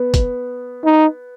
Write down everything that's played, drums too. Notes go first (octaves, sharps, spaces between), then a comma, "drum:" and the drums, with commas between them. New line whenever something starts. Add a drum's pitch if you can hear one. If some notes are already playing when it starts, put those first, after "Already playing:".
Already playing: B3
drum: kick F#1, hi-hat
D#4